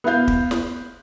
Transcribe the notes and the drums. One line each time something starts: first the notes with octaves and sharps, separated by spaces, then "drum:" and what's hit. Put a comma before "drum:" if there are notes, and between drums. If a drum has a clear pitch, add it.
B3 E4 E5 F5 G6
drum: kick
drum: snare